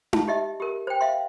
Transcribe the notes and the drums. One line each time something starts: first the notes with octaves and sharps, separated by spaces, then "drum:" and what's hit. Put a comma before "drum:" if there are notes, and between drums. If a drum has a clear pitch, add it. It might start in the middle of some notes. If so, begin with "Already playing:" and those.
A5, drum: tom D#4
G4 D#5 E5
G4 A#4
C5 G5
E5 F5 C6